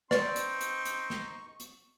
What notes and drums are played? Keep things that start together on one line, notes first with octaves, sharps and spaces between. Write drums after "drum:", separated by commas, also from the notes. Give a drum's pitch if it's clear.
C4 D#4 B4 D5 C6 C#6, drum: snare
drum: hi-hat
drum: hi-hat
drum: hi-hat
drum: snare
drum: hi-hat